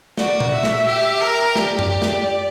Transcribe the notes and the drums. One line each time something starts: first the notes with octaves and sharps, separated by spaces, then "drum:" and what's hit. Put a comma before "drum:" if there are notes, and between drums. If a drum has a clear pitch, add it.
F#4 D5, drum: snare
drum: tom A#2
E5
drum: snare
G4
A#4
G4 D5, drum: snare
drum: tom F#2
drum: snare